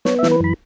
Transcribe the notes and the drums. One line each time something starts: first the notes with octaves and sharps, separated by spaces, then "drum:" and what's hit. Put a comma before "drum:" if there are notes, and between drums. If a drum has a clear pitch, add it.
B3 C#5, drum: snare
E5
E3, drum: snare
B4
F#2 B5